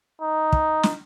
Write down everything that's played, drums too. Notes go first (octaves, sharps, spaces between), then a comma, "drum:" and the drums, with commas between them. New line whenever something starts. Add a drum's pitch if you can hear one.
D#4
drum: kick
drum: snare